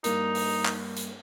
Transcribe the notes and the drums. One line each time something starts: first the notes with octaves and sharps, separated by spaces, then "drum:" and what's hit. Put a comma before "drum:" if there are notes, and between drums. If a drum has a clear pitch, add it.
G2 A#3 D#4 A#4, drum: hi-hat
drum: open hi-hat
drum: clap
drum: hi-hat